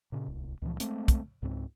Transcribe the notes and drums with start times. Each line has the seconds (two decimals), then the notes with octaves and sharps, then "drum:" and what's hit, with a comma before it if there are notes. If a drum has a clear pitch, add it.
0.12 A#2 C#3
0.28 D1 C2
0.62 C#2 A#2 E3 F3
0.80 G#3 A3 C4, drum: hi-hat
1.08 drum: kick, hi-hat
1.42 C#2 G#2 C4